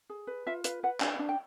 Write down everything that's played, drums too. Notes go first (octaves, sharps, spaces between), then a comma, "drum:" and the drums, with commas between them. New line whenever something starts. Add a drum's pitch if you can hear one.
G#4
B4
F4 E5
B4 F5, drum: hi-hat
B4 F#5
D4 G#5, drum: clap
D4
G5